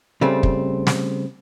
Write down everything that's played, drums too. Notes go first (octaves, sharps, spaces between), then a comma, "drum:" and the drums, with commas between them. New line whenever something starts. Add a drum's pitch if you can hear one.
C#3 G3 A3 C4
drum: kick
drum: snare